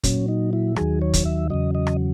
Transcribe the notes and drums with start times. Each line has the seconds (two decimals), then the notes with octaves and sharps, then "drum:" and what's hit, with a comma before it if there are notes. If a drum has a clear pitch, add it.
0.04 A#2 F#3 C#4, drum: kick, hi-hat
0.28 D#4
0.53 E4
0.76 D#2 D#3 F#3 G#4, drum: rim click
1.02 C#5
1.13 drum: kick, hi-hat
1.25 E5
1.50 E2 C#3 F#3 D#5
1.75 D#5
1.87 drum: rim click